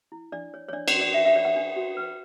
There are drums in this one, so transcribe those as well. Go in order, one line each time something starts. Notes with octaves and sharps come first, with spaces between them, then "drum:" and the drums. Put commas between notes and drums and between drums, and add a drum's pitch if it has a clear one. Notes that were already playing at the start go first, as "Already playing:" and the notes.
E4
D4 D5
C#5
C#5
D4 D5
D5, drum: cymbal
F#4
D5
D4 E5
E5
C#5 D5
F#5
D4
F#4
B4